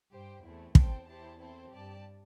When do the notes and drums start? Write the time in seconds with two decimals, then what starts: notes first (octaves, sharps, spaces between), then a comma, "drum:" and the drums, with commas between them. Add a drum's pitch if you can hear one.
0.11 G2 G4 C5 G5
0.43 E2 A3 C4 E4
0.75 E2 C4 A4 C5 G5, drum: kick
1.07 E4 G4 C5 A5
1.39 C4 E4 A4 C5
1.71 G2 G4 D5 A5